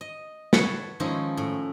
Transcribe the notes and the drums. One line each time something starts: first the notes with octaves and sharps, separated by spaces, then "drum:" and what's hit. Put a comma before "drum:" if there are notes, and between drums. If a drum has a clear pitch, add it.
D#5
B4 C#5 F#5 A5 B5, drum: snare
D#3 F3 G#3 C#4 D#4 E4
A2